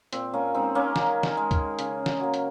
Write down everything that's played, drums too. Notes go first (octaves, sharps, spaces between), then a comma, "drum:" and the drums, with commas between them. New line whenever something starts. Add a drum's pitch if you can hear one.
A#2 C4, drum: hi-hat
A#3 C#4
G#3 C4 D#4
A#3 C#4
D#3, drum: snare
drum: snare
G#3
drum: kick C#2, hi-hat
C#3, drum: hi-hat
drum: snare
F#3 A#3
drum: hi-hat